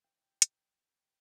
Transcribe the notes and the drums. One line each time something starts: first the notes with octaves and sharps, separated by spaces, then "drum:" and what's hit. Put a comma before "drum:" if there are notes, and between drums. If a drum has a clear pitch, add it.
G5
drum: hi-hat